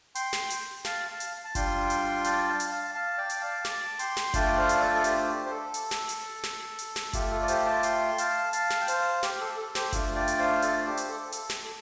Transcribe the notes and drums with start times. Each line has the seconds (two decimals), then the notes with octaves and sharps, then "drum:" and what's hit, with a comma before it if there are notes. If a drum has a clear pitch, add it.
0.15 G5 C6, drum: hi-hat
0.33 drum: snare
0.50 drum: hi-hat
0.85 F5 A5, drum: snare
1.08 F5 A5
1.20 drum: hi-hat
1.44 A5
1.55 G3 D4 F4 G5 C6, drum: kick F#1, hi-hat
1.90 drum: hi-hat
2.24 D5 G5, drum: hi-hat
2.48 F5 A5
2.60 drum: hi-hat
2.71 F5 A5
2.95 F5 A5
3.18 D5 G5
3.30 drum: hi-hat
3.41 F5 A5
3.65 A5 D6, drum: snare
3.99 G5 C6, drum: hi-hat
4.17 drum: snare
4.34 A3 D4 F4 D5 G5, drum: kick F#1, hi-hat
4.57 C5 F5
4.69 drum: hi-hat
4.81 A4 D5
4.95 A4
5.04 G4 C5, drum: hi-hat
5.27 G4
5.46 C5
5.51 A4
5.74 drum: hi-hat
5.91 drum: snare
6.09 drum: hi-hat
6.44 drum: snare
6.79 drum: hi-hat
6.96 drum: snare
7.13 A3 F4 G4, drum: kick F#1, hi-hat
7.31 A4
7.42 D5
7.48 G4 C5, drum: hi-hat
7.66 A5 D6
7.83 G5 C6, drum: hi-hat
8.18 F5 A5, drum: hi-hat
8.53 F5 A5, drum: hi-hat
8.71 drum: snare
8.81 G5
8.88 C5 F5, drum: hi-hat
9.23 G4, drum: snare
9.35 G4
9.41 A4
9.57 A4
9.75 G4 C5, drum: snare
9.93 A3 D4 F4, drum: kick F#1, hi-hat
10.16 D5 G5
10.28 drum: hi-hat
10.39 C5 F5
10.62 A4 D5, drum: hi-hat
10.86 G4 C5
10.97 drum: hi-hat
11.09 A4
11.32 A4, drum: hi-hat
11.50 drum: snare